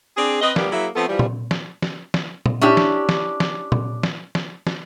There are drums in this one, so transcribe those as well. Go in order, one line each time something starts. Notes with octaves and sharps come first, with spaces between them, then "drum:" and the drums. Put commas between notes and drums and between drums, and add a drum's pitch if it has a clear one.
C4 D4 G#4
C4 B4 D#5
D#2 G3 A#3 B3, drum: snare
F#3 A#3 E4 G#4 E5
F3 A3 B3 C4 A4
E3 F3 G3
drum: tom A#2
drum: snare
drum: snare
drum: snare
drum: tom A#2
C#4 D4 E4 G4
drum: snare
drum: snare
drum: snare
drum: tom A#2
drum: snare
drum: snare
drum: snare